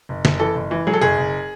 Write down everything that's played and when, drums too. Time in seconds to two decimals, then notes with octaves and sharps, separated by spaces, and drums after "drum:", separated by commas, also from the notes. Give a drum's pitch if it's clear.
0.09 F#1
0.25 F#1, drum: snare
0.40 E3 A4
0.55 F#1
0.71 E3
0.87 F#3 G#4
0.94 A4
1.01 F#1 G#4
1.18 F#1